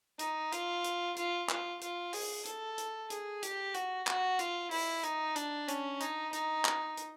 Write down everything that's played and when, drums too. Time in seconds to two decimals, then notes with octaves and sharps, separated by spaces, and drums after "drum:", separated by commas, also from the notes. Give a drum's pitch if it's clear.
0.19 D#4, drum: hi-hat
0.52 F4, drum: hi-hat
0.84 drum: hi-hat
1.16 F4, drum: hi-hat
1.49 F4, drum: clap
1.81 F4, drum: hi-hat
2.13 G#4, drum: open hi-hat
2.45 A4, drum: hi-hat
2.78 drum: hi-hat
3.10 G#4, drum: hi-hat
3.43 G4, drum: hi-hat
3.74 F#4, drum: hi-hat
4.07 F#4, drum: clap
4.39 F4, drum: hi-hat
4.71 E4, drum: open hi-hat
5.03 D#4, drum: hi-hat
5.36 D4, drum: hi-hat
5.68 C#4, drum: hi-hat
6.00 D#4, drum: hi-hat
6.33 D#4, drum: hi-hat
6.65 drum: clap
6.97 drum: hi-hat